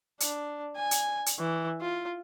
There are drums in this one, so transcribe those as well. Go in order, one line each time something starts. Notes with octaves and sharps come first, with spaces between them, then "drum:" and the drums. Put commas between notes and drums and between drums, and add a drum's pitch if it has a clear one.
D4, drum: hi-hat
G#5
drum: hi-hat
drum: hi-hat
E3
F4